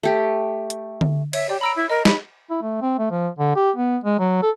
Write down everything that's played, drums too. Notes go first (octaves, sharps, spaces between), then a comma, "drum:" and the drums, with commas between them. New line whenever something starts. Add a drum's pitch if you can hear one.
A3 G4
drum: hi-hat
drum: tom D3
C#5 E5, drum: cymbal
G4 D5
A#5 B5 E6 D7
E4
A#4 D#5
B5, drum: snare
E4
A3
C4
A3
F3
D3
G4
B3
G#3
F#3
A4